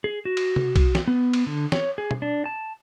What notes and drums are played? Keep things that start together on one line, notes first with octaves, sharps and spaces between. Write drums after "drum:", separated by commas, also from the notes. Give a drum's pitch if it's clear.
G#4
F#4
drum: cymbal
drum: tom C3
drum: kick B1, cymbal
drum: snare
B3
drum: cymbal
D3
C#5, drum: snare
G#4
drum: tom B2
D4
A5